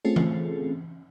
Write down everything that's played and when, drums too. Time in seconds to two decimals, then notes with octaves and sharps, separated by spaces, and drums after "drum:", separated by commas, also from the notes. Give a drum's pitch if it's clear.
0.05 A3 C4 C#4 F4 G#4 A4
0.16 drum: tom E3